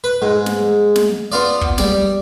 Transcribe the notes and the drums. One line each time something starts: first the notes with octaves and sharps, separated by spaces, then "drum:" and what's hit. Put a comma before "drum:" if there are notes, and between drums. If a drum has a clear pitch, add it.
B4
G#2
drum: snare
drum: snare
B3 F4 D5
drum: kick
G3 D5, drum: snare